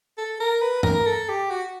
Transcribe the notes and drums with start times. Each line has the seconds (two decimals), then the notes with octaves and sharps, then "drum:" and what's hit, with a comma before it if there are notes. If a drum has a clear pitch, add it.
0.17 A4
0.40 A#4
0.62 B4
0.83 A#4, drum: tom G2
1.06 A4
1.29 G4
1.50 F#4